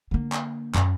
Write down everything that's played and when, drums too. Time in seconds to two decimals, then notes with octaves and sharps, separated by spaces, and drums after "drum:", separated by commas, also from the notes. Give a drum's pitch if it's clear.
0.11 D3 A#3
0.32 drum: clap
0.75 F#2, drum: clap